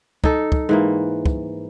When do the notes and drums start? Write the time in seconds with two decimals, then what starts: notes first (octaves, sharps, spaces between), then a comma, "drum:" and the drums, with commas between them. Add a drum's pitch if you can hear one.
0.24 D#4 A4, drum: kick
0.52 drum: kick
0.69 G#2 E3 A#3
1.26 drum: kick